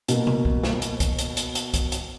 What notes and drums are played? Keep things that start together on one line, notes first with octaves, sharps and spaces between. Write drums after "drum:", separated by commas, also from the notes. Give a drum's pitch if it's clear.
B2 A#3, drum: hi-hat
drum: tom C3
drum: kick
drum: snare
drum: hi-hat
drum: kick, hi-hat
drum: hi-hat
drum: hi-hat
drum: hi-hat
drum: kick, hi-hat
drum: hi-hat